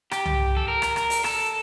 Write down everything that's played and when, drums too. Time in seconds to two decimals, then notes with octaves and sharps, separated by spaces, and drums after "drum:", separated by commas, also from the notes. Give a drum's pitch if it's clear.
0.11 G4, drum: rim click
0.25 drum: tom C2
0.57 A4
0.68 A#4
0.82 drum: rim click
0.96 drum: rim click
1.10 drum: open hi-hat
1.24 A4, drum: rim click